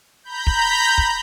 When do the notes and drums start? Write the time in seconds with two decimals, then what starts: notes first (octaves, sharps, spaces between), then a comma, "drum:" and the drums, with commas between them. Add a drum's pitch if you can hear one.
0.24 A#5 B5 G6
0.47 drum: kick
0.98 drum: kick